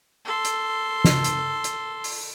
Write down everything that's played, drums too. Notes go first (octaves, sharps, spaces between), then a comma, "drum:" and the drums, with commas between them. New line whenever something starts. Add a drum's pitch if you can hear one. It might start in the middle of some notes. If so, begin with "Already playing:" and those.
A4 C6
drum: hi-hat
drum: snare
drum: hi-hat
drum: hi-hat
drum: open hi-hat